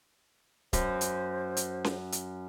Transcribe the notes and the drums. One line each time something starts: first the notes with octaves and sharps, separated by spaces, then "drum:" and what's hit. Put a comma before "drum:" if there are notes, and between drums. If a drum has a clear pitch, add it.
F#2 C5, drum: kick C#1, hi-hat
drum: hi-hat
drum: hi-hat
drum: snare C#4
drum: hi-hat